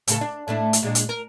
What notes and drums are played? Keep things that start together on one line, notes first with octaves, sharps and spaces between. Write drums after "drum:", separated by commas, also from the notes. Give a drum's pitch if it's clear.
A2 C#3 A4, drum: hi-hat
D4
A2 A3 D4
drum: hi-hat
A#2 G#3 D4
drum: hi-hat
A#4